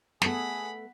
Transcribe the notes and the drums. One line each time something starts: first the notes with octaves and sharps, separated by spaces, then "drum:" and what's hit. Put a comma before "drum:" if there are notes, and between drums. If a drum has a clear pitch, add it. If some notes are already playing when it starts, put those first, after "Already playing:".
A3 B3 G#4 A4 F#5 B5, drum: snare